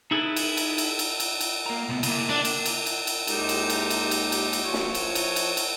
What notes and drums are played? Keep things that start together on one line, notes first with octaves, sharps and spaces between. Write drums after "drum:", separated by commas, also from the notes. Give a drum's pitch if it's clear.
D#4 E4 G#4 A4 B4
drum: cymbal
drum: cymbal
drum: cymbal
drum: cymbal
drum: cymbal
drum: cymbal
A#3 A#5
C2 B3
C#3 A#3, drum: cymbal
D4
drum: cymbal
drum: cymbal
drum: cymbal
drum: cymbal
D#2 G#3 D#4 G4, drum: cymbal
drum: cymbal
drum: cymbal
drum: cymbal
drum: cymbal
drum: cymbal
drum: cymbal
F3 C#5
drum: snare
drum: cymbal
drum: cymbal
drum: cymbal
drum: cymbal